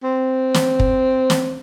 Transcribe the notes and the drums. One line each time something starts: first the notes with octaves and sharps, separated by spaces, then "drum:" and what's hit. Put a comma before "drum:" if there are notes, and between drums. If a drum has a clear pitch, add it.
C4
drum: snare
drum: kick
drum: snare